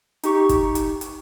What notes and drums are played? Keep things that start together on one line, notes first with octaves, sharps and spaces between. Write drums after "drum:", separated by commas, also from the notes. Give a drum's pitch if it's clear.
D#4 G4 C#6, drum: hi-hat
drum: kick, hi-hat
drum: hi-hat
drum: hi-hat